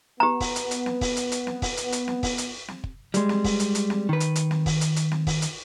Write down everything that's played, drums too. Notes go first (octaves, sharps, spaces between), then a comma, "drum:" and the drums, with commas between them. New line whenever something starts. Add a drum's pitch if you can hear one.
B3 G4 A#5
drum: kick, open hi-hat
drum: hi-hat
drum: hi-hat
drum: snare
drum: kick, open hi-hat
drum: hi-hat
drum: hi-hat
drum: snare
drum: kick, open hi-hat
drum: hi-hat
drum: hi-hat
drum: snare
drum: kick, open hi-hat
drum: hi-hat
drum: snare
drum: kick
G3 G#3, drum: hi-hat
drum: snare
drum: kick, open hi-hat
drum: hi-hat
drum: hi-hat
drum: snare
D#3 B4
drum: hi-hat
drum: hi-hat
drum: snare
drum: kick, open hi-hat
drum: hi-hat
drum: hi-hat
drum: snare
drum: kick, open hi-hat
drum: hi-hat